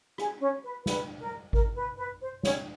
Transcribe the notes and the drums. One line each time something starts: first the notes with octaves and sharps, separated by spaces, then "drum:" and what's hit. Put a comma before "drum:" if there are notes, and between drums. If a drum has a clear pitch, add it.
G#4, drum: rim click
C#4 C#5
B4
B4, drum: snare
A#4
A#4, drum: kick G#1
B4
B4
C5
C#4 C#5, drum: snare